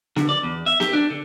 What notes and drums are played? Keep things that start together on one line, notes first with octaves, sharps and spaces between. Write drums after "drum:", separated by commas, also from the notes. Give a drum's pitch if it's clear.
D3, drum: snare B3
D5
E2
E5
G4, drum: snare B3
D4
D3